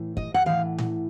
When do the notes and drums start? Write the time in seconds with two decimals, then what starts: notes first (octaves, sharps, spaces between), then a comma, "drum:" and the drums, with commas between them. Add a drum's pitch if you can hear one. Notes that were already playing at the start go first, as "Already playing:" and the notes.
Already playing: A2 E3
0.17 D#5, drum: kick
0.34 F#5
0.46 A2 E3 F5
0.78 drum: tom A2